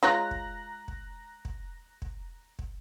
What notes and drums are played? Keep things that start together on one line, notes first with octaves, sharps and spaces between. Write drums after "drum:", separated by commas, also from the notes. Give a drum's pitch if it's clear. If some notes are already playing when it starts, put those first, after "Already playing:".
G#3 F4 C#5 A#5 F#6 A#6
drum: kick
drum: kick
drum: kick
drum: kick
drum: kick